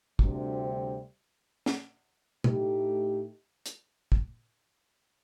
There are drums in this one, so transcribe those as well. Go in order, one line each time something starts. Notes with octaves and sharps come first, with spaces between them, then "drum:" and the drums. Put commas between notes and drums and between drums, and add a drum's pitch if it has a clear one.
D2 C3 G3, drum: kick
drum: snare
A2 A3 D#4 G4, drum: tom
drum: hi-hat
drum: kick